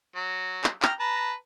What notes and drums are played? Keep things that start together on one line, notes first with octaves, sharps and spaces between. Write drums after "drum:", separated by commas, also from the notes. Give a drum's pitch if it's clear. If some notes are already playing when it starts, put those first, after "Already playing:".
F#3
drum: clap
G5 A#5 F6, drum: clap
B4 A5 A#5